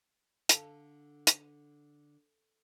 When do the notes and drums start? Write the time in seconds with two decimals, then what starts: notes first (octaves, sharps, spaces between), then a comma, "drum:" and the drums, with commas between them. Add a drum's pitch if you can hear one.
0.49 D3 A4 F5 A5, drum: hi-hat
1.27 drum: hi-hat